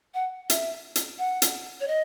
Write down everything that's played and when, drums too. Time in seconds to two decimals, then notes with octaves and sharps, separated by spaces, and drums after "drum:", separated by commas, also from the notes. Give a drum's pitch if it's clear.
0.14 F#5
0.50 E5, drum: hi-hat
0.95 drum: hi-hat
1.19 F#5
1.42 drum: hi-hat
1.80 C#5
1.88 D#5